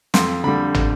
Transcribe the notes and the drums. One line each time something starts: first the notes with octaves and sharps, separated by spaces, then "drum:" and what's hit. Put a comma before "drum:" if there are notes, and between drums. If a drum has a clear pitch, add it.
F2 C6, drum: snare
D3 G3 B5
drum: tom